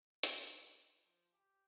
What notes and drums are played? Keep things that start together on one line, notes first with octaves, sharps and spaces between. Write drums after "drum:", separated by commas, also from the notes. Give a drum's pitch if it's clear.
drum: hi-hat
G5 B5 C6
F3
G4